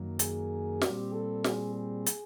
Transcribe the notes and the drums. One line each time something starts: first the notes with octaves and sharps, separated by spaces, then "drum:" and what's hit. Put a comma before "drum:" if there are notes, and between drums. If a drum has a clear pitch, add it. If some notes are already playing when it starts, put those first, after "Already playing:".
Already playing: F#2 D#3 F#3 A#3
G#4, drum: hi-hat
A#2 G3 C4 G4, drum: snare
A4
G#4, drum: snare
G#4
drum: hi-hat